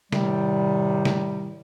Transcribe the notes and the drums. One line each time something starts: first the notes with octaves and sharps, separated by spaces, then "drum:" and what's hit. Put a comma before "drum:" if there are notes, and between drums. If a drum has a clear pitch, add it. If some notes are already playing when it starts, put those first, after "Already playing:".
A2 C3 D#3 G3, drum: snare
drum: snare